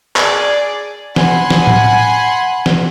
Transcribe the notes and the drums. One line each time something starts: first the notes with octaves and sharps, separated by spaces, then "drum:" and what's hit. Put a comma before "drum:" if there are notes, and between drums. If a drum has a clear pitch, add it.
G#4 D5, drum: clap
F#5 G#5 B5 C6, drum: snare
drum: snare
drum: tom A2
drum: snare